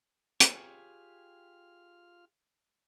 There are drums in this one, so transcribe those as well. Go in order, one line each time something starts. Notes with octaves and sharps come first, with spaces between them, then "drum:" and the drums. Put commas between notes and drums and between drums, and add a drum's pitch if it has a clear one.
F4 G4 G#4 C#5 F6, drum: hi-hat